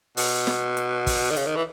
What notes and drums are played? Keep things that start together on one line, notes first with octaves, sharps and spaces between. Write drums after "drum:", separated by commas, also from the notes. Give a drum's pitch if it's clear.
B2, drum: open hi-hat
drum: snare
drum: hi-hat
drum: kick, open hi-hat
D#3
C#3, drum: hi-hat
D#3
E3